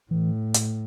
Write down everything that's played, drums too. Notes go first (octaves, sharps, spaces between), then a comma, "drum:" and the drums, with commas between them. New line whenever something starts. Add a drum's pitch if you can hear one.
A2 E3
drum: hi-hat